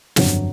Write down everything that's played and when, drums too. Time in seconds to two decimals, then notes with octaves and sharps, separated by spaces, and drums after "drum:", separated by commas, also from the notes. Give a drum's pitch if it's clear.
0.16 G1 F2 D3 F#3, drum: snare